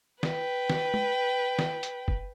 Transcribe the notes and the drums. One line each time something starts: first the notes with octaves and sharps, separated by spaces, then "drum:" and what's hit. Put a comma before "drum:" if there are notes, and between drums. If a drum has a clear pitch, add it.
B4 G5, drum: snare
drum: snare
drum: tom
drum: snare
drum: hi-hat
drum: kick